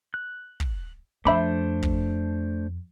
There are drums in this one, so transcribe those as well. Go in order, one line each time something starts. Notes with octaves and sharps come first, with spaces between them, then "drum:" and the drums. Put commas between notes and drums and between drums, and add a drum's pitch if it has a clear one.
F#6
drum: kick
F2 A3 D4 C5 E5 B5 D6
drum: kick